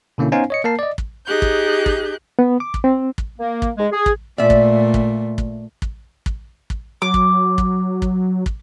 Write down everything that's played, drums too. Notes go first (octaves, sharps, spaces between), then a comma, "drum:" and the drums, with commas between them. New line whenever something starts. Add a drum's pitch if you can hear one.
B2 D3 A#3 C#4 E4
B3 C#4 D#4 C5 F5 G#5
C#5 D#5 C#7
A#3 A#4 A5 C7
D5 D#5
drum: kick
D#4 G4 G#4 F#6 G6
drum: kick
drum: kick
B3
D6
drum: kick
C4
drum: kick
A#3
drum: kick
G#3
G#4
drum: kick
A#2 A3 D5 E5
drum: kick
drum: kick
drum: kick
drum: kick
drum: kick
drum: kick
F#3 D6
drum: kick
drum: kick
drum: kick
drum: kick